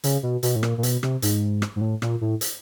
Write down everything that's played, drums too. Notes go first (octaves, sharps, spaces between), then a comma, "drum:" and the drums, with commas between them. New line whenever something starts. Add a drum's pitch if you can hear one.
C#3, drum: hi-hat
B2
B2, drum: hi-hat
A2
A#2, drum: rim click
A#2
B2, drum: hi-hat
C3, drum: rim click
G#2, drum: hi-hat
drum: rim click
G#2
A2
A#2, drum: rim click
A2
drum: hi-hat